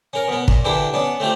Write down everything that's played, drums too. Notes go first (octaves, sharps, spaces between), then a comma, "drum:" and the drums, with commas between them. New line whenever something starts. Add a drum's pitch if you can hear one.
C#4 A#4
B2 B3
A#2, drum: kick
D3 E3 D4 E4 G4
B3 C#4 D4
A3 C4 F4 G4